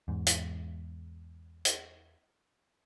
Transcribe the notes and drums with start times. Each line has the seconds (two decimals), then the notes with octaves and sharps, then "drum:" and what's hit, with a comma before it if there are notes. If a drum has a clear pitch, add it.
0.08 E2 G#2
0.26 drum: hi-hat
1.65 drum: hi-hat